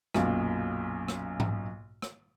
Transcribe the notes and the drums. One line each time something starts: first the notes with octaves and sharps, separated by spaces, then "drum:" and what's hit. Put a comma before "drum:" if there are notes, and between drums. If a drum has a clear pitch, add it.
B1 F#2 A#2 F5, drum: rim click
drum: rim click
drum: tom G#2
drum: rim click